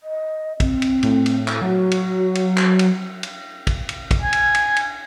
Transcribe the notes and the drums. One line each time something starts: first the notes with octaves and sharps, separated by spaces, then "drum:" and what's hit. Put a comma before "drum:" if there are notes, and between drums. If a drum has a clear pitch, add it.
D#5
C4, drum: kick, cymbal
drum: cymbal
A2, drum: cymbal
drum: cymbal
drum: clap
F#3 F#4
drum: cymbal
drum: cymbal
drum: clap
drum: cymbal
drum: cymbal
drum: kick, cymbal
drum: cymbal
drum: kick, cymbal
G#5
drum: cymbal
drum: cymbal
drum: cymbal